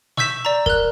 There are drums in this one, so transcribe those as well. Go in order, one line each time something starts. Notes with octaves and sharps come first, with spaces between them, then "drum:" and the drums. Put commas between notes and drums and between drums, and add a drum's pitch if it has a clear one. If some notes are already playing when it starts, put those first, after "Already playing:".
C#6 E6 G6 B6 E7, drum: snare
D5 A#5
A#4 F#6, drum: kick